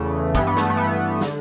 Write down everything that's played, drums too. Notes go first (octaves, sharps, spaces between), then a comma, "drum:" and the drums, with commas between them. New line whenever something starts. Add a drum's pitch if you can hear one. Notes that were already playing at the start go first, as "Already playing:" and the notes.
Already playing: E2 C#3 E3 A3
G2 E3 B3, drum: kick, hi-hat
B3
A3, drum: snare
A3
B3
D3, drum: snare